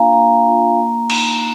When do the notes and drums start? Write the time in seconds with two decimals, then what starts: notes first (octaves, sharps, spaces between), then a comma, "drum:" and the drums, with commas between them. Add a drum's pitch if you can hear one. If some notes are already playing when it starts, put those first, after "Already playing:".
Already playing: A#3 D4 F4 F5 G#5 A#5
0.13 A#3 A#5
0.46 D4 F4
0.77 A#3
1.10 D#4, drum: cymbal